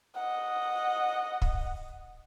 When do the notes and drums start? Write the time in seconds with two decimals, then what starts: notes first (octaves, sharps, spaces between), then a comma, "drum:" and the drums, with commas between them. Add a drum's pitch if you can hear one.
0.15 D#5 F#5
1.42 drum: kick